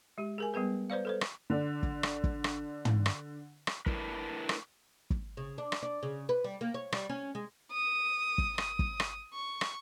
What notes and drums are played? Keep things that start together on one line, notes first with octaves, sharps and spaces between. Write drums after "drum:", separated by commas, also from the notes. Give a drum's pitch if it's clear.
G#3 G4
G#4 A#4 G#5
G3 B3 G#4 B4
B4 C5 D5 F5
A4 B4 C5
drum: rim click
D3 D4
drum: kick
drum: rim click
drum: kick
drum: rim click
drum: tom
drum: rim click
drum: rim click
A3 D4 E4 A#4 B4, drum: kick
drum: rim click
drum: kick
C#3
D4
drum: rim click
D4
C#3
B4
G3
A#3
C#5
G3, drum: rim click
C#4
G#3
D#6
drum: kick
D#6, drum: rim click
drum: kick
drum: rim click
C#6
drum: rim click